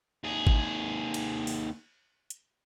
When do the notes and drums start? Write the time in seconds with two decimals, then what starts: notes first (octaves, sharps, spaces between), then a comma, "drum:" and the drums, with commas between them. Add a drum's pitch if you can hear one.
0.24 D#2 G#4
0.47 drum: kick
1.14 drum: cymbal
1.47 drum: open hi-hat
2.30 drum: hi-hat